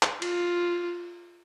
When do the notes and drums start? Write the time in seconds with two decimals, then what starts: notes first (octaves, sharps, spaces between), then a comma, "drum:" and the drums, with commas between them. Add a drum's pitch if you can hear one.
0.03 drum: clap
0.22 F4, drum: cymbal